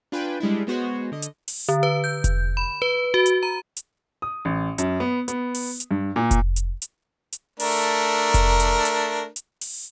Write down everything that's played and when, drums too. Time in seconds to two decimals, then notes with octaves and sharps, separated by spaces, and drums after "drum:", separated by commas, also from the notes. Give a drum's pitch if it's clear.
0.12 D4 F4 B4 G5 G#5
0.40 G3 G#3 D4 E4
0.67 G#3 B3 F#4 C5 C#5
1.12 D3 D#5
1.22 drum: hi-hat
1.48 drum: open hi-hat
1.69 D3
1.83 B4
2.04 G6
2.24 drum: kick F1, hi-hat
2.57 B5
2.82 B4
3.14 F#4
3.26 drum: hi-hat
3.43 A#5
3.77 drum: hi-hat
4.22 D#6
4.45 A1
4.78 F#2, drum: hi-hat
5.00 B3
5.28 B3, drum: hi-hat
5.55 drum: open hi-hat
5.80 drum: hi-hat
5.91 G2
6.16 A#2
6.31 drum: kick F1, hi-hat
6.56 drum: hi-hat
6.82 drum: hi-hat
7.33 drum: hi-hat
7.60 A3 D4 A#4, drum: open hi-hat
8.34 drum: kick F1, hi-hat
8.60 drum: hi-hat
8.85 drum: hi-hat
9.36 drum: hi-hat
9.61 drum: open hi-hat